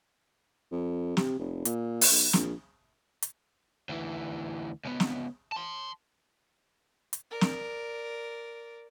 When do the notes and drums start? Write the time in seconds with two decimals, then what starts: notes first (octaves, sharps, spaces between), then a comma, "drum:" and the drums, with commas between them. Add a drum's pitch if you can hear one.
0.71 F2
1.17 C3, drum: snare
1.39 F1
1.65 A#2, drum: hi-hat
2.01 drum: open hi-hat
2.11 B1
2.33 A#1, drum: snare
3.22 drum: hi-hat
3.89 D2 E3
4.85 C#2 B3
5.00 drum: snare
5.52 A5 C6
7.13 drum: hi-hat
7.31 A#4 D5
7.41 drum: snare